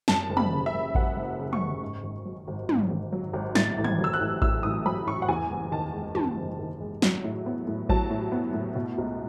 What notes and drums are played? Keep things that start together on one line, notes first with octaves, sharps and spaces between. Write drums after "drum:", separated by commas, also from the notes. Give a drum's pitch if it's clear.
F#2 A5, drum: snare
F#1
B5, drum: tom
C#3
E5
F#1
F#2 F#5, drum: kick A1
F#1
C#3
C#6, drum: tom
F#1
G#2
G#1
F#3
G#1
G#2, drum: tom
G#1
F#3
G#1
A2 A6, drum: snare
A1
G#6, drum: tom
F#3
E6
F#6
A1
A2 E6, drum: kick A1
A1 D#6
F#3 B5
A1 C#6
F#5
E2 G#5
F#1
D#3 A5
G#3
E2 A5, drum: tom
F#1
D#3
G#3
F#3, drum: snare
A2
B3
A2
F#3 A5, drum: kick A1
A2
B3
A2
B2
C#2